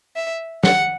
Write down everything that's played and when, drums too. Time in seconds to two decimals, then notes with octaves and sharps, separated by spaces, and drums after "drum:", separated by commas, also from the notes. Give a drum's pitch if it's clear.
0.16 E5
0.64 F#5, drum: snare